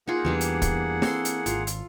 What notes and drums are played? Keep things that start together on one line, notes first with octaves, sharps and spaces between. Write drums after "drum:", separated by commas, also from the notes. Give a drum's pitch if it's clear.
A#3 D#4 F4 G#4 F#5
E2 E3 G3 D4
drum: hi-hat
drum: kick, hi-hat
C4 A4 C6, drum: snare
drum: hi-hat
G#1 F4, drum: hi-hat
drum: hi-hat